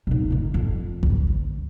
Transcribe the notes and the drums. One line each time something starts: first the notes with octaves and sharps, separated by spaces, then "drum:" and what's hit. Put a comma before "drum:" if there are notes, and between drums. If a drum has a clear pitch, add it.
B2 D#4
A#1 D3
F2
D2, drum: kick A1